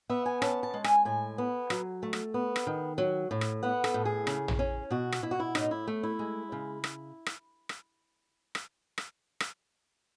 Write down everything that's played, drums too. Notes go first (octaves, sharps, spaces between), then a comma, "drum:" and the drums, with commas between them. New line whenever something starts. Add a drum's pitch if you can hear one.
B3 E5
G#5
C#4 A5, drum: rim click
A5
G#3
G#5, drum: rim click
A2 G#5
B3
F#3, drum: rim click
A3
drum: rim click
B3
drum: rim click
D#3
F#3
A2
drum: rim click
B3 F#5
A4, drum: rim click
A2
G#4
C#3, drum: rim click
drum: tom
C#4
B2 F#4
drum: rim click
B2 E4
F#4
E4
A2 D#4, drum: rim click
E4
A3
E4
G#3
C#3
drum: rim click
drum: rim click
drum: rim click
drum: rim click
drum: rim click
drum: rim click